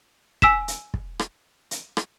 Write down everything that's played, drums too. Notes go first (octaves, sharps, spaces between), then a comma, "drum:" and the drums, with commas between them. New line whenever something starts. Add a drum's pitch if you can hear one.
G#5 E6 B6 E7, drum: kick
drum: hi-hat
drum: kick
drum: rim click
drum: hi-hat
drum: rim click